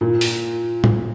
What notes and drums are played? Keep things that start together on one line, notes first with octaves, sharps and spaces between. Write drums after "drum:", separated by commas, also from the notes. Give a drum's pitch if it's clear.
A#2
drum: open hi-hat
drum: tom A2